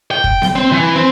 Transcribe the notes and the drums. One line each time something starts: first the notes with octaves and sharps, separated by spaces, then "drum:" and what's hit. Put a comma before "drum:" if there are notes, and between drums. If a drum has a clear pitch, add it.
G5
drum: kick
drum: snare B3
C4
E3
C4